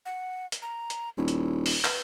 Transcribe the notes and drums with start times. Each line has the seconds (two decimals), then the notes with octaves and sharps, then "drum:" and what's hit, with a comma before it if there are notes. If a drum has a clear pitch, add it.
0.05 F#5
0.52 drum: hi-hat
0.62 A#5
0.90 drum: hi-hat
1.18 D#1 E4
1.28 drum: hi-hat
1.66 drum: open hi-hat
1.85 B4, drum: clap